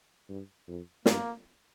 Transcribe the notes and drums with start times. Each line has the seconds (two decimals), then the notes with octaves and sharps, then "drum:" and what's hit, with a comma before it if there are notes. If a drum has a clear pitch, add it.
0.29 G2
0.68 F2
1.06 G2 A#3, drum: snare